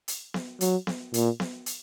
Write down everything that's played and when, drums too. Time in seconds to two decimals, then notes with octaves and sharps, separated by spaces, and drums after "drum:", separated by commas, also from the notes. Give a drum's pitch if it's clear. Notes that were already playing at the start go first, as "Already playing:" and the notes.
0.08 drum: hi-hat
0.34 drum: snare B3
0.61 F#3, drum: hi-hat
0.87 drum: snare B3
1.14 A#2, drum: hi-hat
1.40 drum: snare B3
1.66 drum: hi-hat